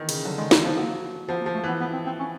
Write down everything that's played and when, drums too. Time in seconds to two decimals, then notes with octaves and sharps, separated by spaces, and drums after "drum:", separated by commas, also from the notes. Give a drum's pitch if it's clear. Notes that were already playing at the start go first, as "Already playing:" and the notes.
Already playing: D#3 E3
0.09 C#3, drum: cymbal
0.25 D3 F#3
0.38 D#3 G#3
0.51 E3 A3, drum: snare
0.64 F3 A#3
0.77 F#3 A#3
1.28 F3 B3
1.41 A#3
1.46 F3
1.54 A3
1.64 E3 B3
1.80 B3
1.93 C4
2.06 C4
2.19 C#4